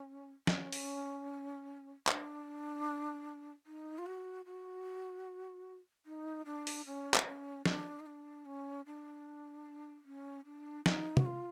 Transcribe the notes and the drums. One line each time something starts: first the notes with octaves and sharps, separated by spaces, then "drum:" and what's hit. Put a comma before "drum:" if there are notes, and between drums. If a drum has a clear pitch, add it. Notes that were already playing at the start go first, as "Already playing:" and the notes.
Already playing: C#4
C#4, drum: snare
drum: open hi-hat
D4, drum: clap
D#4
F4
F#4
F#4
D#4
D4
drum: open hi-hat
C#4
drum: clap
C#4
D4, drum: snare
D#4
D4
C#4
D4
C#4
D4
D#4, drum: snare
F#4, drum: tom
F4